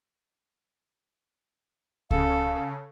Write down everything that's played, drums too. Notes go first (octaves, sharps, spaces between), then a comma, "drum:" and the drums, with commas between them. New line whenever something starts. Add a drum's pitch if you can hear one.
C#3 A4 F5, drum: kick C#2